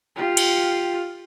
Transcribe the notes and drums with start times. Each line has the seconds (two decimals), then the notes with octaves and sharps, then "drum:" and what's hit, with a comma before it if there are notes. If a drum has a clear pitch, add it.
0.16 F4 G4
0.37 drum: cymbal